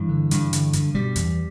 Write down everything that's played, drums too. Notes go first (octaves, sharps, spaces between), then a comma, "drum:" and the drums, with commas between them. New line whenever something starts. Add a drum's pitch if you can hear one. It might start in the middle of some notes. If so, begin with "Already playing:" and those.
Already playing: G2 E3
D3
G2, drum: hi-hat
D3, drum: hi-hat
G2, drum: hi-hat
B2 G3
E2, drum: hi-hat